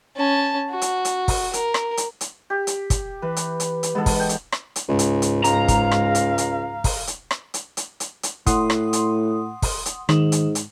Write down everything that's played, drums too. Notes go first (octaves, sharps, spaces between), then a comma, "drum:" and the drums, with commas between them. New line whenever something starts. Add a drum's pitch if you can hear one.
C#4 A5
F#4
drum: hi-hat
drum: hi-hat
drum: kick, open hi-hat
A#4, drum: hi-hat
drum: rim click
drum: hi-hat
drum: hi-hat
G4
drum: hi-hat
drum: kick, hi-hat
E3 B4
drum: hi-hat
drum: hi-hat
drum: hi-hat
G#2 E3 B3 A4
drum: kick, open hi-hat
G5
drum: hi-hat
drum: rim click
drum: hi-hat
C#2 G#2
drum: hi-hat
drum: hi-hat
C#2 F5 A#5, drum: hi-hat
drum: kick, hi-hat
drum: rim click
drum: hi-hat
drum: hi-hat
drum: kick, open hi-hat
drum: hi-hat
drum: rim click
drum: hi-hat
drum: hi-hat
drum: hi-hat
drum: hi-hat
A2 F#5 C6 D#6, drum: kick, hi-hat
drum: rim click
drum: hi-hat
drum: kick, open hi-hat
drum: hi-hat
G#2 D#3, drum: rim click
drum: hi-hat
drum: hi-hat